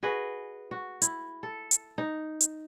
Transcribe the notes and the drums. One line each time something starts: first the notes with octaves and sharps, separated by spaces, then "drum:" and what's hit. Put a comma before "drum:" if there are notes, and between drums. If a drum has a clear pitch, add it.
F#4 G#4 B4 D#5
F#4
E4, drum: hi-hat
A4
drum: hi-hat
D#4
drum: hi-hat